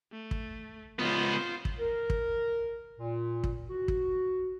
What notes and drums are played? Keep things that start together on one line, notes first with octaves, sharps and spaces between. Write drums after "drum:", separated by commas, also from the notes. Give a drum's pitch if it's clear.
A3
drum: kick
C#2 B3 F4 C5
drum: kick
A#4
drum: kick
A#2
drum: kick
F#4
drum: kick